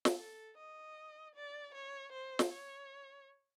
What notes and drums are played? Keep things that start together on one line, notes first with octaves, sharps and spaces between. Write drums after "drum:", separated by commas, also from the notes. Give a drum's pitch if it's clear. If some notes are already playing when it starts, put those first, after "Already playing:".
drum: snare
A4
D#5
D5
C#5
C5
drum: snare
C#5